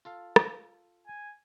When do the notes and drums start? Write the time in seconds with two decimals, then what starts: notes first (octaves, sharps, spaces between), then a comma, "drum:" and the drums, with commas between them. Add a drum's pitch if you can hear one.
0.05 F4 A4 F5
0.36 drum: rim click
1.07 G#5